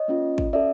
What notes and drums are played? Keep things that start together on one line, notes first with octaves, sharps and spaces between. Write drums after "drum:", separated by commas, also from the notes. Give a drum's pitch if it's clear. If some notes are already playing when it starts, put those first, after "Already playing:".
Already playing: C#5 D#5
A#3 C#4 F4
drum: kick
C#4 F#4 A4 D5 E5